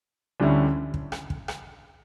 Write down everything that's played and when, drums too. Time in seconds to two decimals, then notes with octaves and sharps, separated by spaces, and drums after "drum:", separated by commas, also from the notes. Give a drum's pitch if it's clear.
0.40 D2 D3 G3 C#4 E4
0.94 drum: kick
1.12 drum: rim click
1.30 drum: kick
1.48 drum: rim click